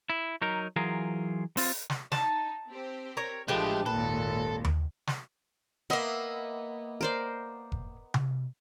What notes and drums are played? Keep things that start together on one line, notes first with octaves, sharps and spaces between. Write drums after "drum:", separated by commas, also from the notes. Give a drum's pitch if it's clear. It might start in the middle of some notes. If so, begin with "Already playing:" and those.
E4
F#3 D#4 A#4
E3 F#3 F4 G#4 A#4
C4 F4, drum: open hi-hat
drum: snare
D#4 A5, drum: snare
C4 G4 C5
A#4 C#5
A1 F3 G#3 A3 D4 G4 B4 A5
G#1 D#2 A#2 A4 B4
drum: tom D#2
drum: snare
A#3 B3 D#5 E5 C6
A#4 C5 D5
drum: kick F1
drum: tom C3